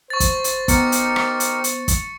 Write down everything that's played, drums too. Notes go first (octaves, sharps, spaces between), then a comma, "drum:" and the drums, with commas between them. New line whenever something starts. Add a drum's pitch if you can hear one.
C5 C#6 A6
drum: kick, hi-hat
drum: hi-hat
B3 D#4 G4 A#4 C#6 C#7, drum: kick, hi-hat
drum: hi-hat
drum: rim click
drum: hi-hat
drum: hi-hat
drum: kick, hi-hat